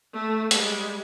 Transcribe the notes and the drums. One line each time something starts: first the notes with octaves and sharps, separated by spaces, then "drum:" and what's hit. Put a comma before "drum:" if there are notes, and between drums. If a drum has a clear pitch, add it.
A3
G3 G#3, drum: hi-hat